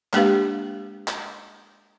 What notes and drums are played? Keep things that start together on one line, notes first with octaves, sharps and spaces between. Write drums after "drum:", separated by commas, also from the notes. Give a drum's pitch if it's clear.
G#3 A#3 D4 G4 B4 F5, drum: clap
drum: clap